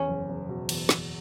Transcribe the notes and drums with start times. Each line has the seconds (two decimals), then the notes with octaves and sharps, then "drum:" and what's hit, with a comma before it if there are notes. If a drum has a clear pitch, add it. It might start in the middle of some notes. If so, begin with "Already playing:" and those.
Already playing: E2 C#4
0.08 F#1
0.29 F#1
0.49 B2
0.69 E2, drum: cymbal
0.89 F#1, drum: snare